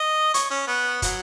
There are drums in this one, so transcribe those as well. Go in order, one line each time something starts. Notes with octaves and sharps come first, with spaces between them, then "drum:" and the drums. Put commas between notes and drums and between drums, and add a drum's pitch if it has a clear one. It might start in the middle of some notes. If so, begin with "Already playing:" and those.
Already playing: D#5
C#5, drum: hi-hat
C#4
B3
F#3, drum: kick, hi-hat